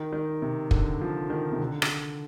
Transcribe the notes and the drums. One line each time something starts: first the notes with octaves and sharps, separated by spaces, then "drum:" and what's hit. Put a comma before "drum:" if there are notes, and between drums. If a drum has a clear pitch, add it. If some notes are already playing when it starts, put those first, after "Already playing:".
Already playing: D#3
D#3
C3
D3, drum: kick
F3
D#3
C3
D3
drum: rim click